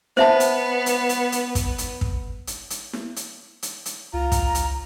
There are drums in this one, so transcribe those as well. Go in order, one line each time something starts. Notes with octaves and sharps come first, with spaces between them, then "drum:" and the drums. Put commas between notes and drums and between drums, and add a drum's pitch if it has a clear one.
B3 C5 E5 A5, drum: snare E4
drum: hi-hat
drum: hi-hat
drum: hi-hat
drum: hi-hat
drum: kick, hi-hat
drum: hi-hat
drum: kick
drum: hi-hat
drum: hi-hat
drum: snare E4
drum: hi-hat
drum: hi-hat
drum: hi-hat
C#2 F4 A#5
drum: kick, hi-hat
drum: hi-hat